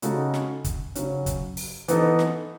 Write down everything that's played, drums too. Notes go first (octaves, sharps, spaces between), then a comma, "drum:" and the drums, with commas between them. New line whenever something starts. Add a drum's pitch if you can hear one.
C#3 G#3 D#4 F#4 A4, drum: hi-hat
drum: snare
drum: kick, hi-hat
C#3 F#3 C#4, drum: hi-hat
drum: kick, hi-hat
drum: open hi-hat
E3 B3 D#4 A4, drum: hi-hat
drum: snare